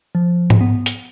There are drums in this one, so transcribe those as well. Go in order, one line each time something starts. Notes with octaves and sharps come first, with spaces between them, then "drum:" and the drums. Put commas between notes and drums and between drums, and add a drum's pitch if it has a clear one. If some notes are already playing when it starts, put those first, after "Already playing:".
F3
drum: tom G#2
B3
drum: hi-hat